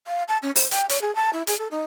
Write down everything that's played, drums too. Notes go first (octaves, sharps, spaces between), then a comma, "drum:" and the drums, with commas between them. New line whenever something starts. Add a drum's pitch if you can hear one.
F5
A5
C#4
C5, drum: open hi-hat
G5, drum: hi-hat
C#5, drum: hi-hat
G#4
A5
E4
G#4, drum: hi-hat
A4
D#4